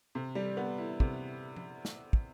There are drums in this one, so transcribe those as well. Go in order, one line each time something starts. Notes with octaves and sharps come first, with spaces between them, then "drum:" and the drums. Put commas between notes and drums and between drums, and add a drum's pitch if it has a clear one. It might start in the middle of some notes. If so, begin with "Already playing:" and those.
C3
G3
B3
E4
C3, drum: kick
drum: tom
drum: snare
drum: kick